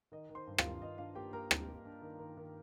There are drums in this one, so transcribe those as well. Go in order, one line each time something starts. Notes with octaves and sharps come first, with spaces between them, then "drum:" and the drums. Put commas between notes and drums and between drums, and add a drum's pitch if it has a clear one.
D#3 D#5
D#3
C5 C6
G2
F4 F5, drum: rim click
D#3
G2 D#5
D4 F4 F5
A#3 G4 G5
A#3 A#4 A#5
D4, drum: rim click
A#3
D4
D#3
D#3
D#3